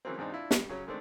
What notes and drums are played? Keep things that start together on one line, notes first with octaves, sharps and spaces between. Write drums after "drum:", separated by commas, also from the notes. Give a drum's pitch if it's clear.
C#3 E3 F#3 A#3 C4
E2 G#2 C4 D4 D#4
D4 E4 F4
G3, drum: snare
C#3 F#3 C#4
D#3 G#3 A3 C4 D4